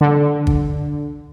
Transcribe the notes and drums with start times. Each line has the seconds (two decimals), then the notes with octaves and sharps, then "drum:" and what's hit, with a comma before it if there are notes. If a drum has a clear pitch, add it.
0.01 D3
0.47 drum: kick